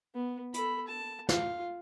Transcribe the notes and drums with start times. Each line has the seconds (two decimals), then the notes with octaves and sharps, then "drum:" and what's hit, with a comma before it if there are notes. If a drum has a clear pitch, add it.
0.15 B3
0.54 A4 B5, drum: hi-hat
0.88 A5
1.29 F4 F5, drum: snare